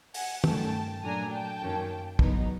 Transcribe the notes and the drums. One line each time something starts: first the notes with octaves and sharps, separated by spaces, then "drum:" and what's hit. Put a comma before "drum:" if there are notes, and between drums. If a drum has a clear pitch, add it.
F#5 G#5, drum: open hi-hat
G2 D#3 F#3 A3 C#4 G5 A5, drum: tom
A#2 F#3 A3 D4 G#5 A#5
G5 A5
F#2 D#3 F#3 A#3 C#4
E2 B2 F#3 B3 D#4, drum: kick